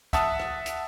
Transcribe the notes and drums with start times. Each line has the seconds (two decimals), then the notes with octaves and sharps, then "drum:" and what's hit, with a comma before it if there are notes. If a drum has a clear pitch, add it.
0.13 E5 F#5 A5 D#6, drum: kick, hi-hat
0.39 drum: rim click
0.66 drum: hi-hat